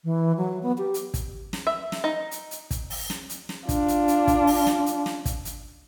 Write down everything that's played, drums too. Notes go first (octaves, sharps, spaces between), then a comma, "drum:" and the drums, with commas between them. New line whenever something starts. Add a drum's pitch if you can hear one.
E3
F#3
B3
G4
drum: hi-hat
drum: kick, hi-hat
drum: snare
E5
drum: snare
D#4
drum: hi-hat
drum: hi-hat
drum: kick, hi-hat
drum: open hi-hat
drum: snare
drum: hi-hat
drum: snare
D4 F4, drum: kick, hi-hat
drum: hi-hat
drum: hi-hat
drum: kick, hi-hat
drum: open hi-hat
drum: snare
drum: hi-hat
drum: snare
drum: kick, hi-hat
drum: hi-hat